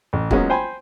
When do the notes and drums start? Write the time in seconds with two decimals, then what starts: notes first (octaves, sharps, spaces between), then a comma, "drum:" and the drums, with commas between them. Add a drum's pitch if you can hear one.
0.13 A1
0.31 F#3 G#3 A#3 B3 C#4, drum: kick
0.50 C5 G5 G#5 B5